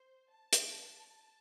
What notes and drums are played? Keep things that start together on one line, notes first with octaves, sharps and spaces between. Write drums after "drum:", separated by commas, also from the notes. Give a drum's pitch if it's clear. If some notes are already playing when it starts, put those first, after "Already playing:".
Already playing: C5
A5
drum: hi-hat